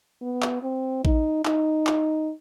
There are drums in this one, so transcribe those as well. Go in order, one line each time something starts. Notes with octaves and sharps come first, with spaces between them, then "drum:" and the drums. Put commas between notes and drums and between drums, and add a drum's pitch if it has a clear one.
B3
drum: clap
C4
D#4, drum: kick A1
D#4, drum: clap
drum: clap